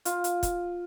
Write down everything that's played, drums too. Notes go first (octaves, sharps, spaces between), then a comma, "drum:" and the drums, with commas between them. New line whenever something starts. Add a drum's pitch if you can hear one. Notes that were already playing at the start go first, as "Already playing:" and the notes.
F4, drum: hi-hat
drum: hi-hat
drum: kick, hi-hat